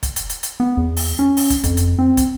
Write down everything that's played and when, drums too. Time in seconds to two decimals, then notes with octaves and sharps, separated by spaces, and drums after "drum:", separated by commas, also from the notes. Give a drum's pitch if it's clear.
0.03 drum: kick, hi-hat
0.16 drum: hi-hat
0.29 drum: hi-hat
0.43 drum: hi-hat
0.60 B3
0.77 E2
0.97 drum: open hi-hat
1.19 C#4
1.37 drum: open hi-hat
1.50 drum: kick, hi-hat
1.64 F2, drum: kick, hi-hat
1.77 drum: hi-hat
1.99 C4
2.17 drum: kick, hi-hat